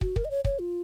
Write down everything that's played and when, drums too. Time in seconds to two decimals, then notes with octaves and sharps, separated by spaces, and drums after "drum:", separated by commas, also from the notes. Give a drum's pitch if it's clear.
0.01 F#4, drum: kick
0.16 A#4, drum: kick
0.25 D#5
0.31 C#5
0.45 C#5, drum: kick
0.59 F4